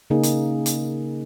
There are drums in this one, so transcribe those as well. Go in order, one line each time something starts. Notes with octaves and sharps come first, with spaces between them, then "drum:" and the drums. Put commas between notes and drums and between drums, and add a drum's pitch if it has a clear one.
C#3 A#3 D#4 G#4
drum: hi-hat
drum: hi-hat